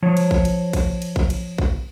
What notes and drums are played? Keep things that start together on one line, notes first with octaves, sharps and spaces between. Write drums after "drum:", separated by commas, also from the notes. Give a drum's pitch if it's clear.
F3 C#5
drum: cymbal
drum: kick A1
drum: cymbal
drum: kick A1, cymbal
drum: cymbal
drum: kick A1
drum: cymbal
drum: kick A1